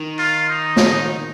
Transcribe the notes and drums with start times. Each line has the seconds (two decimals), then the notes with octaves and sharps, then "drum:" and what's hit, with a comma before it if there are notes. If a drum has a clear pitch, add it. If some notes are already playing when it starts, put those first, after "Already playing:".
Already playing: D#3
0.19 F4
0.50 D#4
0.76 drum: snare